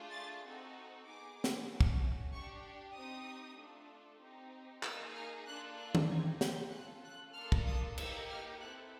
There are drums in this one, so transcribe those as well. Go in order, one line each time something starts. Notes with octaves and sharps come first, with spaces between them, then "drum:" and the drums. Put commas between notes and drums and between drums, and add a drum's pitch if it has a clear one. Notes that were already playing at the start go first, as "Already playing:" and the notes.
Already playing: A3 D4 F4 G#4
A6
C4 D#4 F#4 A4
B3 D#4 G#4 D6
drum: snare
A3 C#4 F#4
drum: kick
D4 G4 C#6
C4 D#4 G4 D#6
A3 D4 F4 A4
C4 D#4 G4
A#3 D#4 G#4 E6, drum: clap
F6
A#3 D4 F4 A4 F#6
F#6
drum: tom D#3
C4 D#4 G4 G#6
G6, drum: snare
C#4 F4 A4 F#6
F#6
A#3 D4 F4 A4 F6
drum: kick
D#6
A#3 D#4 G4 E6, drum: cymbal
F6
C4 E4 A4 F#6